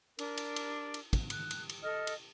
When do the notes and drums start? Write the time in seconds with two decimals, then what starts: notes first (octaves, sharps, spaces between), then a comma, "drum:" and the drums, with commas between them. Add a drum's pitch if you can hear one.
0.19 D4 A#4, drum: cymbal
0.37 drum: cymbal
0.56 drum: cymbal
0.94 drum: cymbal
1.13 drum: kick, cymbal
1.30 F#6, drum: cymbal
1.51 drum: cymbal
1.69 drum: cymbal
1.83 A4 D#5 D#6 F6
2.07 drum: cymbal